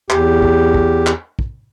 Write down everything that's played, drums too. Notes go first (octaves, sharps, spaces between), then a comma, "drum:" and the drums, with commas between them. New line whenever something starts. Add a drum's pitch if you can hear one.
E2 G4, drum: clap
drum: kick
drum: kick
drum: clap
drum: kick